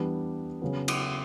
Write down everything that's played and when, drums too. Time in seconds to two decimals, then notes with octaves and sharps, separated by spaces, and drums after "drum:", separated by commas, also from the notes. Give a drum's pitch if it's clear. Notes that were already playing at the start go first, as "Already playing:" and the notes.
Already playing: E3 G3 B3 D4
0.62 C#3 F#3 B3
0.88 drum: cymbal